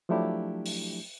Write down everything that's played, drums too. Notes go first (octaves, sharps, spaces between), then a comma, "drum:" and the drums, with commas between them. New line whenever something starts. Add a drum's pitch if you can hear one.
F3 F#3 A3 D4 E4 G4
drum: open hi-hat